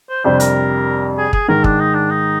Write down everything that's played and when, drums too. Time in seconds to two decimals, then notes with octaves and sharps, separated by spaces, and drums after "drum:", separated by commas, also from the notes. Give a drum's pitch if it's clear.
0.09 C5
0.24 F2 C3 G3 D4 C5
0.40 A#4, drum: hi-hat
1.18 G#4
1.33 G#4, drum: kick
1.48 G#2 D#3 G#3 A#4
1.64 D4, drum: kick
1.80 D#4
1.94 D4
2.10 D#4